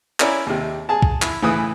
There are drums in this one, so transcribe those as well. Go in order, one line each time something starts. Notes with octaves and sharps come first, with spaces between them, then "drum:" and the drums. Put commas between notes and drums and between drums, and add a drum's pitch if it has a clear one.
C#4 E4 A#4 C#5 D5, drum: clap
D#2 C3
G#4 A5
drum: kick
E4, drum: clap
A2 C#3 E3 B4 D#6